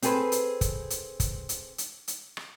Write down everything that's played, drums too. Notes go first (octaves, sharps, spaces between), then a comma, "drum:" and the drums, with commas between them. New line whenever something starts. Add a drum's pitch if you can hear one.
C4 G#4 A4 B4 C5, drum: hi-hat
drum: hi-hat
drum: kick, hi-hat
drum: hi-hat
drum: kick, hi-hat
drum: hi-hat
drum: hi-hat
drum: hi-hat
drum: rim click